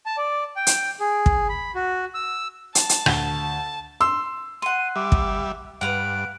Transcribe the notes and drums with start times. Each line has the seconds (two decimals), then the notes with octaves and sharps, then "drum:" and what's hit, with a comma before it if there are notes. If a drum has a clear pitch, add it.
0.06 A5
0.18 D5
0.56 G5
0.67 drum: hi-hat
1.00 G#4
1.26 drum: kick
1.49 B5
1.75 F#4
2.15 E6
2.75 A5, drum: hi-hat
2.89 drum: hi-hat
3.06 D2 G7, drum: rim click
4.01 C6 E6
4.62 F#5 C6 D#7
4.96 G3 E5 D6
5.12 drum: kick
5.81 G2 B4 F5 F#5 D7